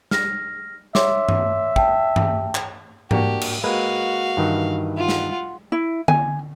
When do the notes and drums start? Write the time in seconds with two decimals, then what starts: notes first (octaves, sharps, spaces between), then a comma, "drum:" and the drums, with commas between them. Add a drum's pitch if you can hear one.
0.11 F6 A#6, drum: snare
0.95 C#5 E5 C6 D6, drum: snare
1.29 drum: tom G2
1.76 G5 A5, drum: kick
2.16 drum: tom G2
2.55 drum: clap
3.11 A#3 D4 F#4 G4, drum: tom G#2
3.42 drum: cymbal
3.64 G#3 A#3 F#4 B4 F5
4.37 G2 D#3 E3
4.98 F4 F#5
5.09 drum: snare
5.72 E4
6.08 G#5, drum: tom D3